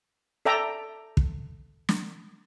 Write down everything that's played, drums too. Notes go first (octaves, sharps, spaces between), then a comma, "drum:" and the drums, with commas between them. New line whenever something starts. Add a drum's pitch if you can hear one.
A4 D5 E5 G5 A#5 D6
drum: kick
drum: snare